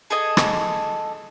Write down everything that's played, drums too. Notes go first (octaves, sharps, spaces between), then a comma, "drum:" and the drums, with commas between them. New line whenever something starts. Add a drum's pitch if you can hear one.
G#4 A4 D#5 G#5
drum: rim click